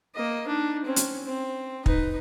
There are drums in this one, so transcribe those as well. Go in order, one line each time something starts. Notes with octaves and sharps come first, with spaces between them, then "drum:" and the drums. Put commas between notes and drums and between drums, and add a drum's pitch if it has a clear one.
A#3 D#5
D4 D#4
C4 C#4
drum: hi-hat
C4
D#4 B4, drum: kick